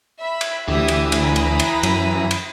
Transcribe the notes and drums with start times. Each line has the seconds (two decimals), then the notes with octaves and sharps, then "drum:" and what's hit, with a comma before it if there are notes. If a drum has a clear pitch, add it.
0.20 E5 B5
0.41 drum: cymbal
0.68 D2 E3 G4 E5 D#6
0.88 drum: cymbal
1.12 drum: cymbal
1.23 A#5 B5 D#6
1.36 drum: cymbal
1.60 drum: cymbal
1.83 F#2, drum: cymbal
2.31 drum: cymbal